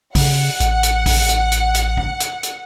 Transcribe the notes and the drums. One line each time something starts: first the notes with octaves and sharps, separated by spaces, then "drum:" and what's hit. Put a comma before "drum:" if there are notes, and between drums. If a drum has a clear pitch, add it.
C#3 F#5, drum: kick A#1, open hi-hat
A1, drum: hi-hat
drum: hi-hat
drum: kick A#1, open hi-hat
drum: hi-hat
drum: hi-hat
drum: hi-hat
drum: kick A#1
drum: hi-hat
drum: hi-hat